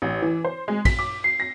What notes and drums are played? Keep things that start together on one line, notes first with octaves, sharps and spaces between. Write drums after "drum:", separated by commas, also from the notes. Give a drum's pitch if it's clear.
A1
E3
C5
G#3
B6, drum: kick, cymbal
D6
C7
A#6